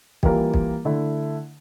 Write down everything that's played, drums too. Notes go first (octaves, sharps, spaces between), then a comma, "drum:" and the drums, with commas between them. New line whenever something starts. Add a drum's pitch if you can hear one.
E3 G3 A#3 F4 A#4, drum: kick B1
drum: kick B1
D3 A3 E4